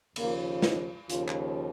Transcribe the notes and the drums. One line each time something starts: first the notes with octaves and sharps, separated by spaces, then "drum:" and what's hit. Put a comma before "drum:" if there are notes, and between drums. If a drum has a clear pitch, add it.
D#2 C#3 F3 A#3, drum: cymbal
D#4, drum: snare
D#2 C#3 F3 F4, drum: hi-hat
drum: clap